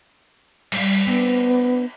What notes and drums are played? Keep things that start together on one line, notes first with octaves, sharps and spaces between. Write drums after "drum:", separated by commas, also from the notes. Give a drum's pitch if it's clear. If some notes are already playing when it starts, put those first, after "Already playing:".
G3 F5, drum: cymbal
B3 C4 D4